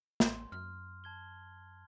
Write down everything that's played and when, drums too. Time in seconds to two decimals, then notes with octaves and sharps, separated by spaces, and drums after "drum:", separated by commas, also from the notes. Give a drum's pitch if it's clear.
0.20 A1 C6, drum: snare
0.52 F#2 F6
1.04 A5 G#6 G7